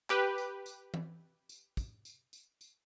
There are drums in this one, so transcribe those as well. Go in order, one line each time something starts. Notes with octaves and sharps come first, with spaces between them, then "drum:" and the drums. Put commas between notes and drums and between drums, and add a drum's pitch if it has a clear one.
G4 B4, drum: clap
drum: tambourine
drum: tambourine
drum: tom E3
drum: tambourine
drum: kick, tambourine
drum: tambourine
drum: tambourine
drum: tambourine